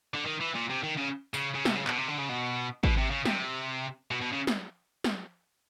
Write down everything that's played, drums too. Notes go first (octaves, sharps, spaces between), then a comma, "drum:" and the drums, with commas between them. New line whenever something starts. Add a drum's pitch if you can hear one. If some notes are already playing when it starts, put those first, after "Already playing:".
D3
D#3
E3
A#2
C3
D#3
C#3
C#3, drum: tambourine
C#3
C3, drum: snare
C#3
B2, drum: clap
C3
D3
C#3
B2
B2, drum: kick G#1
C3
C#3
C3, drum: snare
B2
B2
C#3
drum: snare
drum: snare